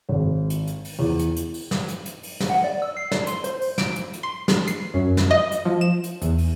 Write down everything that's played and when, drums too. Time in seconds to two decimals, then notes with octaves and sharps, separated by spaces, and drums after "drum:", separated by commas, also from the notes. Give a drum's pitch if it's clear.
0.09 G#1
0.50 drum: hi-hat
0.67 drum: hi-hat
0.85 drum: open hi-hat
0.99 E2
1.19 drum: hi-hat
1.37 drum: hi-hat
1.54 drum: open hi-hat
1.71 drum: snare
1.89 drum: hi-hat
2.06 drum: hi-hat
2.23 drum: open hi-hat
2.40 drum: snare
2.50 F#5
2.64 D5
2.82 E6
2.97 C7
3.12 D5, drum: snare
3.27 C6, drum: hi-hat
3.44 C5, drum: hi-hat
3.61 drum: open hi-hat
3.78 D7, drum: snare
3.96 drum: hi-hat
4.13 drum: hi-hat
4.23 C6
4.48 drum: snare
4.67 C7, drum: hi-hat
4.94 F#2
5.17 drum: snare
5.31 D#5
5.52 drum: hi-hat
5.65 F3
5.81 E7
6.04 drum: hi-hat
6.22 E2, drum: hi-hat
6.38 drum: open hi-hat